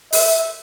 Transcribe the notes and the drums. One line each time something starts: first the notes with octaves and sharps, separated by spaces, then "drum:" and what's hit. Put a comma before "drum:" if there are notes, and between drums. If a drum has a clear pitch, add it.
E5, drum: open hi-hat